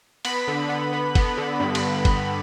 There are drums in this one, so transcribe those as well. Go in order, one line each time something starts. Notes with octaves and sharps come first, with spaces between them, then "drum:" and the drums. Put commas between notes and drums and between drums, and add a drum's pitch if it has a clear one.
B3 B5, drum: cymbal
D3
B3
B3
B3, drum: kick F#1, cymbal
D3
G2
drum: cymbal
drum: kick F#1, cymbal